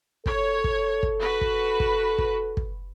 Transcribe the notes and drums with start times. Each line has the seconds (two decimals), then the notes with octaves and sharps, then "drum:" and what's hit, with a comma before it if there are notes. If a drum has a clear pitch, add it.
0.26 A4 C#5, drum: kick
0.64 drum: kick
1.03 drum: kick
1.20 F#4 B4
1.41 drum: kick
1.80 drum: kick
2.18 drum: kick
2.57 drum: kick